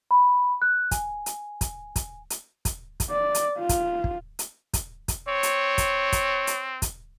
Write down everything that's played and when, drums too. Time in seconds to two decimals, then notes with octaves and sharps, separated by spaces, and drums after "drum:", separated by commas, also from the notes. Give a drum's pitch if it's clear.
0.11 B5
0.62 F#6
0.91 G#5, drum: kick, hi-hat
1.26 drum: hi-hat
1.61 drum: kick, hi-hat
1.96 drum: kick, hi-hat
2.30 drum: hi-hat
2.65 drum: kick, hi-hat
3.00 drum: kick, hi-hat
3.10 D5
3.35 drum: hi-hat
3.59 F4
3.69 drum: kick, hi-hat
4.04 drum: kick
4.39 drum: hi-hat
4.74 drum: kick, hi-hat
5.08 drum: kick, hi-hat
5.29 C4 C#5
5.43 drum: hi-hat
5.78 drum: kick, hi-hat
6.12 drum: kick, hi-hat
6.47 drum: hi-hat
6.82 drum: kick, hi-hat